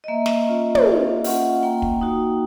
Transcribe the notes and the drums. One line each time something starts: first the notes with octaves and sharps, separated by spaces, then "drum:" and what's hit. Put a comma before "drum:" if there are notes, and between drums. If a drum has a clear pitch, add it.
D#5
A#3 E5
drum: snare
C#4 F4
drum: tom
A#3 F5
C#4 F4 F#5, drum: open hi-hat
A#3 G5
drum: kick
D#4 F#4